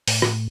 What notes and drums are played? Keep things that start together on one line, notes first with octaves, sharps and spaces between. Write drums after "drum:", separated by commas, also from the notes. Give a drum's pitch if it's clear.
A2, drum: open hi-hat
drum: rim click